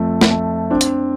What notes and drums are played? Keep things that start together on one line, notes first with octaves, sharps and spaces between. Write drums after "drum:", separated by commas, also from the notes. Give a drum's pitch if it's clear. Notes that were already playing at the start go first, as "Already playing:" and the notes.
Already playing: F2 A3 C4
drum: snare
A3
C4 D4
drum: hi-hat